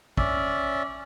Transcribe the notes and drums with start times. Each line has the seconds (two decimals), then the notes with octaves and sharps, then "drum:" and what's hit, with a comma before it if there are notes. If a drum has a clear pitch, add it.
0.17 C#4 D5 E5, drum: kick